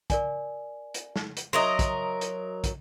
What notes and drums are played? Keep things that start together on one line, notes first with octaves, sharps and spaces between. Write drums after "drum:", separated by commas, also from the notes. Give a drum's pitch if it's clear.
A#4 D5 G#5, drum: kick, hi-hat
drum: hi-hat
drum: snare
drum: hi-hat
F#3 A#4 C#5 D#5 E5 C6
drum: kick, hi-hat
drum: hi-hat
drum: kick, hi-hat